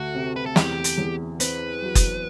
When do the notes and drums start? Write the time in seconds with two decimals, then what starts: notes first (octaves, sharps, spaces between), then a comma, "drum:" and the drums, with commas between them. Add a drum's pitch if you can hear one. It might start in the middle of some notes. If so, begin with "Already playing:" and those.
Already playing: D2 F#4
0.14 C3
0.36 B4
0.46 A4
0.56 E2 G4, drum: snare
0.84 drum: hi-hat
0.98 E2
1.40 C4 B4, drum: hi-hat
1.81 F#3
1.95 drum: kick F#1, hi-hat